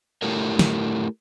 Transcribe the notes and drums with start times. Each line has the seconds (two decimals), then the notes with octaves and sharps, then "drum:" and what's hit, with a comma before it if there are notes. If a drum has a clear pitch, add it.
0.22 A3 E4 G4 A4 A#4 C#5
0.59 drum: snare